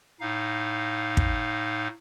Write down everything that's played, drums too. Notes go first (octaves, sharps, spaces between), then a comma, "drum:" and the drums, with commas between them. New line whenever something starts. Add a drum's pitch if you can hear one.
A2 D#4 F5
drum: kick